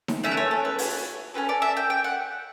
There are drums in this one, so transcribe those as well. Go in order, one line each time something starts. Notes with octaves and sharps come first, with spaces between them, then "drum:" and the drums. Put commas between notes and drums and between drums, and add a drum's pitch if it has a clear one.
drum: snare D#4
A3 C#4 E4 E5
B4
C#5
A4
B4
C#5, drum: open hi-hat
C#4 F#4 A4 B4
D5
E5
G5
G5
F#5